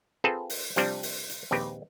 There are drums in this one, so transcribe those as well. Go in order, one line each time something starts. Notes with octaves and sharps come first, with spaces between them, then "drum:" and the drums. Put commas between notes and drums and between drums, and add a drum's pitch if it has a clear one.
C4 F4 G#4 A4 B4
drum: open hi-hat
C3 F3 G3 C4 D4, drum: hi-hat
drum: open hi-hat
drum: hi-hat
A#1 D#2 C4 G4 B4